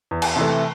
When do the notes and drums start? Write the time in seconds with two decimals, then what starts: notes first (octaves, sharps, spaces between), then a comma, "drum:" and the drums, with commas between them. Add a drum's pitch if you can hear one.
0.11 E2
0.22 drum: cymbal
0.36 C3 E3 A3